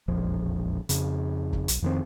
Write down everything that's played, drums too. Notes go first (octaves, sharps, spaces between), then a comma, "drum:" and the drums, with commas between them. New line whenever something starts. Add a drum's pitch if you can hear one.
E1 A#1 F2 F3
F2 C#3, drum: hi-hat
drum: kick
B1, drum: hi-hat
F2 D#3 C4